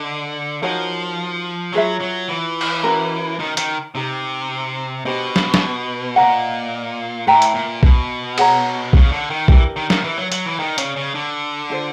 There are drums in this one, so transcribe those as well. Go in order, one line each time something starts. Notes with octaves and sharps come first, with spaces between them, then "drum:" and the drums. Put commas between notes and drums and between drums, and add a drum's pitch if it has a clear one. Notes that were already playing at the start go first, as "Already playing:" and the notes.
Already playing: D3 D#5 B5
F3 D#4 F#4 A#4 C#5
F#3 F4 G#4 B4 E5
F#3
E3
drum: cymbal
C#4 F#4 A#4
D#3
D#3, drum: hi-hat
C3 D#4 G4 B4
B2 D4 G4 C5 D#5
drum: snare
drum: snare
A#2 B4 D#5 F#5 A#5
A2 B4 E5 G5 A#5
drum: hi-hat
A#2
B2, drum: kick B1
G#4 C#5 F#5 A#5, drum: cymbal
C#3, drum: kick B1
D3
D#3
E3 D4 G4 A#4 D5, drum: kick B1
D#3
D#3, drum: snare
E3
F#3
F#3, drum: hi-hat
E3
D#3 B4 D5 G5
C#3, drum: hi-hat
C#3
D3
D4 F4 A4 C5